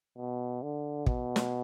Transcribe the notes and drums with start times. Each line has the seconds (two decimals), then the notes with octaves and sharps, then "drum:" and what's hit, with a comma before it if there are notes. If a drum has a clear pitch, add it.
0.18 B2
0.62 D3
1.06 B2, drum: kick
1.36 drum: snare